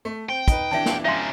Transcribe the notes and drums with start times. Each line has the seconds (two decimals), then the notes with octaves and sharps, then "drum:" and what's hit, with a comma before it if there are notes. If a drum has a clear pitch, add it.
0.05 A3
0.29 C4 G5
0.48 D#4 B4, drum: kick, hi-hat
0.71 E3 D4 G4 E5 A5
0.86 drum: snare
1.05 C#4 D#4 E5 F5 C6